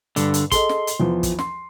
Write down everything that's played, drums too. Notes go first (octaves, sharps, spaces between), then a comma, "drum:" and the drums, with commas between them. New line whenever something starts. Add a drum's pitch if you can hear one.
G2 D3, drum: hi-hat
drum: hi-hat
G#4 A4 D#5 C6, drum: kick, hi-hat
drum: snare
drum: hi-hat
E2 E3 F3
drum: kick, hi-hat
C6, drum: snare